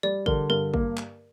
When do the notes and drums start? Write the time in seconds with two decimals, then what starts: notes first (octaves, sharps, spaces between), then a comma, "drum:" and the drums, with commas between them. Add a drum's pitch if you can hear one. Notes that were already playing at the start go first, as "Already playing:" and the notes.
0.03 G3 D5
0.26 D3 A#4, drum: kick G#1
0.50 G2 A#4
0.74 A#3, drum: kick G#1
0.97 drum: clap